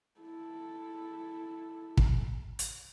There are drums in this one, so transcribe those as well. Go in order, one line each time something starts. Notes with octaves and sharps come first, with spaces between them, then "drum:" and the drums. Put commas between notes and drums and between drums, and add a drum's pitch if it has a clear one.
E4 A4
drum: kick
drum: hi-hat